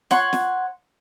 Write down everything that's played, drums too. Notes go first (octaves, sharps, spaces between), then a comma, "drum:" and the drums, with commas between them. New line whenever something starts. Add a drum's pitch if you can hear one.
C#5 F#5 C6, drum: snare
drum: snare